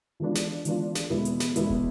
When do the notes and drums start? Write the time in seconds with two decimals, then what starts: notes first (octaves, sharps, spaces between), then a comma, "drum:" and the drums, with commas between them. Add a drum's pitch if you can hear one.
0.20 E3 G#3 B3 D4 F4
0.35 drum: snare
0.65 E3 G#3 B3 D4 F4, drum: hi-hat
0.95 drum: snare
1.10 E2 B2 G#3 B3 E4
1.25 drum: hi-hat
1.40 drum: snare
1.56 E2 B2 G#3 B3 E4, drum: hi-hat
1.70 drum: kick